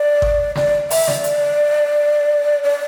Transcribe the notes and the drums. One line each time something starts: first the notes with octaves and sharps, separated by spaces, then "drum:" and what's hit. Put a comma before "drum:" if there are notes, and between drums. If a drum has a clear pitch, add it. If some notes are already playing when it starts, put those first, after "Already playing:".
Already playing: D5
drum: kick G#1
D5, drum: snare
E5, drum: open hi-hat
D5, drum: snare
drum: hi-hat
D5